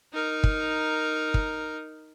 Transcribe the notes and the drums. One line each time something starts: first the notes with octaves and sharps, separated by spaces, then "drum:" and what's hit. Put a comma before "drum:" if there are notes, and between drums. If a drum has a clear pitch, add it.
D#4 A#4
drum: kick
drum: kick